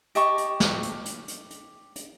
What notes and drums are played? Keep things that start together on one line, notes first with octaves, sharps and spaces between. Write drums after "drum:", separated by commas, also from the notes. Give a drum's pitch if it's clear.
G4 D#5 A5 C#6, drum: hi-hat
drum: hi-hat
drum: snare
drum: hi-hat
drum: hi-hat
drum: hi-hat
drum: hi-hat
drum: hi-hat